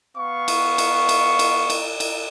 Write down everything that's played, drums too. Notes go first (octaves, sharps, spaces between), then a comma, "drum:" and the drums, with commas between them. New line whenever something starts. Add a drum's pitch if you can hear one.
B3 F5 C#6
drum: cymbal
drum: cymbal
drum: cymbal
drum: cymbal
drum: cymbal
drum: cymbal